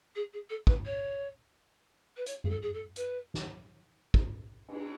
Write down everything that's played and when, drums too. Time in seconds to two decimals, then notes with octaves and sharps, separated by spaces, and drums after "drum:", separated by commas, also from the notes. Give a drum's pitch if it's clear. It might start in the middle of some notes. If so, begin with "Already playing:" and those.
0.15 G#4
0.33 G#4
0.49 A4
0.67 B4, drum: kick
0.85 C#5
2.16 B4
2.26 C#5, drum: hi-hat
2.44 G#4, drum: tom F#2
2.49 A4
2.62 G#4
2.73 A4
2.96 B4, drum: hi-hat
3.34 drum: snare
4.14 drum: kick
4.68 drum: cymbal